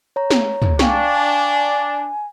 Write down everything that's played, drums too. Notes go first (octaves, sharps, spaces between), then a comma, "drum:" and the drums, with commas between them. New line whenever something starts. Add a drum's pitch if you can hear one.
C#5 A#5
drum: snare
drum: tom
D4 F5 G5 G#5 C#6, drum: snare